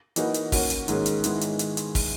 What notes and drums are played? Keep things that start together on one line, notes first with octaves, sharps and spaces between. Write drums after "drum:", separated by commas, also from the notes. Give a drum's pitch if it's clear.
E3 A#3 D#4 F#4 B4, drum: hi-hat
drum: hi-hat
A#3 C#4 F#4, drum: kick, open hi-hat
drum: hi-hat
G#2 D#3 A#3 C#4 G#4, drum: hi-hat
drum: hi-hat
D#3 G#3 B3 E4, drum: hi-hat
drum: hi-hat
drum: hi-hat
drum: hi-hat
drum: kick, open hi-hat